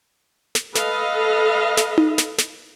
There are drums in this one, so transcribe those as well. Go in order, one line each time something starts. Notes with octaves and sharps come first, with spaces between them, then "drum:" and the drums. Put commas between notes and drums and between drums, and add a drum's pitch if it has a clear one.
drum: snare
A4 B4 D#5 F5, drum: snare
drum: snare
drum: tom D#4
drum: snare
drum: snare